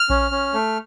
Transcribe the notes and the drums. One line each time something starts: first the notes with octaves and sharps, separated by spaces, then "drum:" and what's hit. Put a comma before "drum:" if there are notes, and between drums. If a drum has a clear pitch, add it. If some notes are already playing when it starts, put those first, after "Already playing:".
Already playing: F6
C#4, drum: kick A#1
C#4
A3